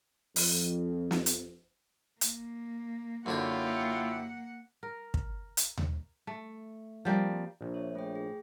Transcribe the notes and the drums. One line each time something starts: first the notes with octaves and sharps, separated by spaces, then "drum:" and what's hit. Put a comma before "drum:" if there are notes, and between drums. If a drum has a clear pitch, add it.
F2, drum: open hi-hat
drum: snare
drum: hi-hat
A#3, drum: hi-hat
F#2 D3 A#3 E4 F4 G4 C#5 F#5
A#4
drum: kick
drum: hi-hat
drum: tom D#2
A3
F3 G3 A#3 C4
A#1
C#5 E5
A3 G#4 G5
G#4